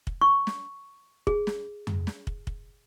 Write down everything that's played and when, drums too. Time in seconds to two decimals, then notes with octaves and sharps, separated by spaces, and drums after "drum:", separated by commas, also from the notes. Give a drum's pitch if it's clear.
0.07 drum: kick
0.21 C#6
0.47 drum: snare
1.27 G#4, drum: kick
1.47 drum: snare
1.87 drum: tom F2
2.07 drum: snare
2.27 drum: kick
2.47 drum: kick